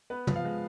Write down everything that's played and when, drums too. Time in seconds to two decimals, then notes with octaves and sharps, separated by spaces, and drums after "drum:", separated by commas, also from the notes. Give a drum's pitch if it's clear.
0.10 B3 B4
0.27 F3, drum: tom
0.36 F5
0.45 G#3